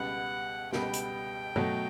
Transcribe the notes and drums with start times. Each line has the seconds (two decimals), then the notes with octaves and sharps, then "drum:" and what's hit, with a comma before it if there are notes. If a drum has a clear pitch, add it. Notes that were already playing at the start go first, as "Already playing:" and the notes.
Already playing: C#2 B2 G3 B3 F#5
0.73 C#2 B2 G3 B3 G5, drum: snare
0.94 drum: hi-hat
1.56 B2 F#3 A3, drum: tom G2